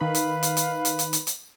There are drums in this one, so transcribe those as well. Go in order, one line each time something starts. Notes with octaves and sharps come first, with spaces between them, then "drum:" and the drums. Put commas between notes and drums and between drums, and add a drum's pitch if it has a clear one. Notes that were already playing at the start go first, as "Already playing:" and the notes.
D#3 D#4 B4 F5 B5
drum: hi-hat
drum: hi-hat
drum: hi-hat
drum: hi-hat
drum: hi-hat
drum: hi-hat
drum: hi-hat